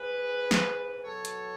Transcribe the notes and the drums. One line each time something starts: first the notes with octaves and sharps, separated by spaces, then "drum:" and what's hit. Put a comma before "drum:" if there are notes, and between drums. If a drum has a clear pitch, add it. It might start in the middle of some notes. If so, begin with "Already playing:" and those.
Already playing: G#2 E3 G#4 B4
drum: snare
B2 F#3 A4 C#5
drum: hi-hat